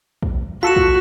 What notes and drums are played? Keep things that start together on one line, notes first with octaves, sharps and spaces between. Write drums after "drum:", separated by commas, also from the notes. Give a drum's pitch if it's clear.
drum: kick
F4 F#4 A4 B6 C#7 E7
drum: kick